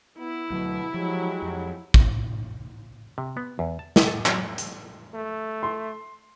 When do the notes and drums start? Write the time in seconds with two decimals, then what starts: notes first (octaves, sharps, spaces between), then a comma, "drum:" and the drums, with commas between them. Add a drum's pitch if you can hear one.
0.19 B3 E4
0.50 D2 B2 F#3 B3
0.94 F3 F#3 G#3 G4
1.42 F2
1.94 drum: kick
3.18 C3
3.37 B3
3.59 E2
3.79 A5
3.96 drum: snare
4.07 A4
4.26 F#3, drum: clap
4.58 drum: hi-hat
5.14 A3
5.63 C6